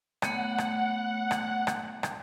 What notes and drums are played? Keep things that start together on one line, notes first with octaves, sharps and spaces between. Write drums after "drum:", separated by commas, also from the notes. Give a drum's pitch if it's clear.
A3 B3 C#5 F#5, drum: rim click
drum: rim click
drum: rim click
drum: rim click
drum: rim click